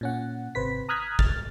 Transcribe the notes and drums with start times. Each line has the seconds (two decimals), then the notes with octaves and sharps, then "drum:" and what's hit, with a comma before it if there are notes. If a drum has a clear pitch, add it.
0.01 A#2 C#4 F#5
0.55 G#1 C3 B4 C5 B6
0.89 A#5 D#6 F6 F#6 G#6 B6
1.19 F6 A6, drum: kick G#1